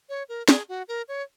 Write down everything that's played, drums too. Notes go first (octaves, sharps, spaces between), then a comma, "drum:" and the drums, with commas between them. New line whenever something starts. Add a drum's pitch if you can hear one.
C#5
A#4
G#4, drum: snare
F#4
A#4
C#5